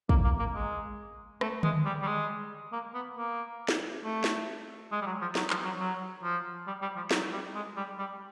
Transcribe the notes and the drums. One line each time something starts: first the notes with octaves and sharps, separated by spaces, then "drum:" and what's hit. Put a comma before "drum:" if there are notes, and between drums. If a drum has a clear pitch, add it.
A#3, drum: kick
A#3
A#3
G#3
A3, drum: rim click
G#3, drum: tom D3
G3
G3
G#3
A#3
B3
A#3
drum: snare
A3
drum: snare
G#3
G3
F#3
F3
F#3, drum: snare
F3, drum: clap
F#3
F#3
F3
G3
G3
F3
F#3, drum: snare
G3
G#3
G3
G3